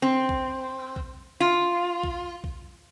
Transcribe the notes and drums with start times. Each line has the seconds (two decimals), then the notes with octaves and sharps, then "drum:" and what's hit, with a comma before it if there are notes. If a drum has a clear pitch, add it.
0.02 C4
0.29 drum: kick B1
0.96 drum: kick B1
1.40 F4
2.04 drum: kick B1
2.44 drum: kick B1